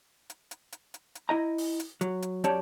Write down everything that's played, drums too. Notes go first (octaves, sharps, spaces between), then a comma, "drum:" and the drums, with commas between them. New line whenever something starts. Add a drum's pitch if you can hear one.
drum: hi-hat
drum: hi-hat
drum: hi-hat
drum: hi-hat
drum: hi-hat
E4 D#5 A#5
drum: open hi-hat
drum: hi-hat
F#3, drum: hi-hat
drum: hi-hat
F#2 C#4 G4 C#5 D5 A5, drum: hi-hat